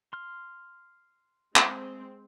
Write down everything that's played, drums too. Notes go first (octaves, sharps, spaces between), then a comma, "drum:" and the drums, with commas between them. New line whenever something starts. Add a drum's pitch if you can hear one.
C6 F6
G#3 C4, drum: clap